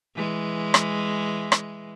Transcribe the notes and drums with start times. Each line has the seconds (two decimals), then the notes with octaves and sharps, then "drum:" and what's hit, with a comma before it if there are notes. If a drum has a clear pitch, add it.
0.16 E3 G#3
0.74 drum: rim click
1.52 drum: rim click